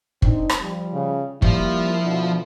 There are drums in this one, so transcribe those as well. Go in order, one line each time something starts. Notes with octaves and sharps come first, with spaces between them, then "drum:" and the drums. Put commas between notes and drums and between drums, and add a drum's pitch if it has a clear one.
C4 D4 D#4, drum: kick
drum: rim click
F3 G3
C#3
F3 G3 A#3 E4, drum: kick
B2 D3 D4